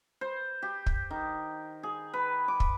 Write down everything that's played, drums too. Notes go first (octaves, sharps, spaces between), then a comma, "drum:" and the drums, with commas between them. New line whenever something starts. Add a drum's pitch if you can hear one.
C5
G4
drum: kick
D#3
G#4
B4
D6
drum: kick